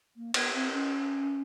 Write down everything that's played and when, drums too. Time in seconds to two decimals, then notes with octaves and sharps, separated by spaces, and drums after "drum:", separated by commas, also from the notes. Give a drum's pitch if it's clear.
0.16 A#3
0.34 B3, drum: cymbal
0.53 C4
0.72 C#4